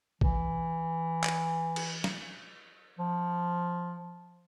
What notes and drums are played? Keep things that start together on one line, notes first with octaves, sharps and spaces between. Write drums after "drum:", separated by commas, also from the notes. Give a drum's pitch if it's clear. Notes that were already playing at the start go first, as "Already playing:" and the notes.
E3, drum: kick A#1
drum: clap
drum: cymbal
drum: snare
F3